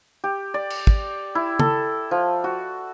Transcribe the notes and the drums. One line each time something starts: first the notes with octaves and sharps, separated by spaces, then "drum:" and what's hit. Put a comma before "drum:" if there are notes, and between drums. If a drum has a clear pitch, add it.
G4
D5
drum: cymbal
drum: kick
E4
A4, drum: tom C#3
F3
F#4